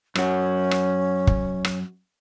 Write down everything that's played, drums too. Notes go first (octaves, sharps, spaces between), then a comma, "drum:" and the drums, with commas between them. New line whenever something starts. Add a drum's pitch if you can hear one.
F#2 C#4 F#4, drum: rim click
drum: rim click
drum: kick
drum: rim click